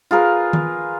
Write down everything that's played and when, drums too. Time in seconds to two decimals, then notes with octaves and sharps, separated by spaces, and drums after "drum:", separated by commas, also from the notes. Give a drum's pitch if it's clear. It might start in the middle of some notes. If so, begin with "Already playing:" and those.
0.11 F4 G#4 A#4 B4
0.53 drum: tom D#3